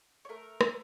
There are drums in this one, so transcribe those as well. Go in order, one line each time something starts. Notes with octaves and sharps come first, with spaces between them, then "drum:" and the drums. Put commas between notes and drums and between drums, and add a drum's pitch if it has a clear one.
C#5
A3 A#4
A3, drum: rim click